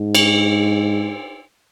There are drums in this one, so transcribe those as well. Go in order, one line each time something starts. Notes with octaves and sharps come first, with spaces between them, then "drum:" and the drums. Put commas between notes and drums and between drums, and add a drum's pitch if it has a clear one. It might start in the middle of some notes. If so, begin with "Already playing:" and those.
Already playing: G#2
drum: cymbal